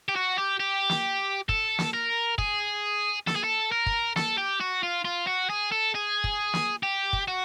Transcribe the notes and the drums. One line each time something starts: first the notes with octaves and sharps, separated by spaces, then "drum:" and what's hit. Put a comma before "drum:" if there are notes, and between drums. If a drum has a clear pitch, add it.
G4
F#4
G4
G4
drum: snare
A4, drum: kick
drum: snare
A#4
G#4, drum: kick
A4, drum: snare
G#4
A4
A#4
drum: kick
A4, drum: snare
G4
F#4
F4
F4
F#4
G#4
A4
G#4
drum: kick
drum: snare
G4
drum: kick
F#4